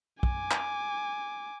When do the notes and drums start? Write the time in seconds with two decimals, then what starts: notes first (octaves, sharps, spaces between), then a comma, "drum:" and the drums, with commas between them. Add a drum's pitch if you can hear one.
0.23 G#5 D6, drum: kick
0.51 drum: clap